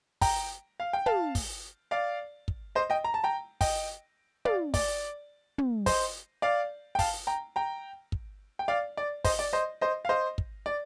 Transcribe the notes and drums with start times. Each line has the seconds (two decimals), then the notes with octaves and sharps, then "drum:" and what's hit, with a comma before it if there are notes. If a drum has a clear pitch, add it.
0.21 G5 A#5, drum: kick, open hi-hat
0.80 F5
0.93 G5
1.06 F5 A5, drum: tom
1.35 drum: kick, open hi-hat
1.91 D5 F5
2.48 drum: kick
2.75 C5 D#5
2.90 D#5 G5
3.04 A#5
3.14 A5
3.24 G5 A#5
3.61 D#5 G5, drum: kick, open hi-hat
4.45 D5 F5, drum: tom
4.74 D5, drum: kick, open hi-hat
5.58 drum: tom
5.86 C5 D#5, drum: kick, open hi-hat
6.42 D5 F5
6.95 G5
6.99 F5 A5, drum: kick, open hi-hat
7.27 G5 A#5
7.56 G5 A#5
8.12 drum: kick
8.59 G5
8.68 D5 F5
8.97 D5
9.24 C5 D#5, drum: kick, open hi-hat
9.39 D5
9.53 C5 D#5
9.81 C5 D#5
10.05 F5
10.09 C5 D#5
10.38 drum: kick
10.66 D5